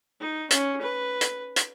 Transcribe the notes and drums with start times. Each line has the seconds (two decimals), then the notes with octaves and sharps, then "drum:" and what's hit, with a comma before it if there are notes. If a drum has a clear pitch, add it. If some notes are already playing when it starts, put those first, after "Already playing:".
0.20 D#4
0.50 C#4, drum: hi-hat
0.81 B4
1.21 drum: hi-hat
1.56 drum: hi-hat